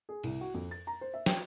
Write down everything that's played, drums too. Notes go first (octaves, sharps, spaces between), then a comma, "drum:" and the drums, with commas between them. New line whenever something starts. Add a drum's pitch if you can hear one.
G#4
C2, drum: cymbal
F#4
F2
A6
A#5
C5
E5
G5, drum: snare